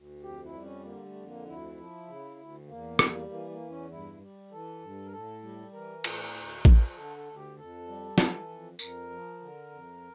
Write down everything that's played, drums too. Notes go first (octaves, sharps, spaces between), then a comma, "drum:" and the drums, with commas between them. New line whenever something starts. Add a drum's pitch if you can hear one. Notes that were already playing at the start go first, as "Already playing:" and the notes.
Already playing: D2
F2 G4
E4
G3
C#4
D3 A#3
A3
F2
A#3
D2 E4
F3
C#3
D2
E2 A#3
G3, drum: rim click
E3 A#3
A#3
E2
C#4
G2 E4
G3
E3 A4
G2
A#4
A2 A4
G3
E3 A#4
A2, drum: cymbal
D2
F3, drum: kick A1
D3 A4
A4
D2
G4
F2 A4
G3
E3, drum: snare
F2
F2 A#4, drum: tambourine
F3
D3
F2